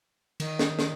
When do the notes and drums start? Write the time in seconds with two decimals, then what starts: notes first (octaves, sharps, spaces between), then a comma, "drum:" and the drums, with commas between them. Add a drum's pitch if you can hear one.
0.40 D#3, drum: cymbal
0.59 drum: snare
0.79 drum: snare